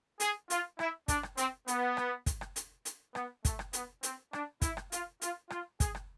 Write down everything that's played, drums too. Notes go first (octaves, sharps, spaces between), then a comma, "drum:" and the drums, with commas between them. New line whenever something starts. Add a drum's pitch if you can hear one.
G#4, drum: hi-hat
F4, drum: hi-hat
E4, drum: rim click
D4, drum: kick, hi-hat
drum: rim click
C4, drum: hi-hat
B3, drum: hi-hat
drum: rim click
drum: kick, hi-hat
drum: rim click
drum: hi-hat
drum: hi-hat
B3, drum: rim click
A3, drum: kick, hi-hat
drum: rim click
B3, drum: hi-hat
C4, drum: hi-hat
D4, drum: rim click
E4, drum: kick, hi-hat
drum: rim click
F4, drum: hi-hat
F4, drum: hi-hat
F4, drum: rim click
G#4, drum: kick, hi-hat
drum: rim click